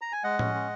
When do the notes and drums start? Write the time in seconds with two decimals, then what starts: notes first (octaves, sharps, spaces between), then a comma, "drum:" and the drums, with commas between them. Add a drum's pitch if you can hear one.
0.01 A#5
0.12 G#5
0.24 G#3 D#5 F#5
0.39 C#4, drum: tom A2
0.54 G#3